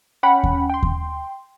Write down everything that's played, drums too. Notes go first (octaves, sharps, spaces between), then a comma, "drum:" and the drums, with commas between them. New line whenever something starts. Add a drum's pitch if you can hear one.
C#4 F#5 G5 B5
drum: kick D#2
G5 C6
drum: kick D#2